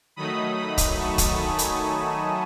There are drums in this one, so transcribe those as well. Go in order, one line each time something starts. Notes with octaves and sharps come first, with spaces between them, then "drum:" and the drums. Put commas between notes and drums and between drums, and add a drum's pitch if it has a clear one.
D#3 F#3 A3 D#4 B5 D#6
B5 D#6
drum: kick D#1, hi-hat
A5 C#6
drum: kick D#1, hi-hat
G#5 B5
drum: hi-hat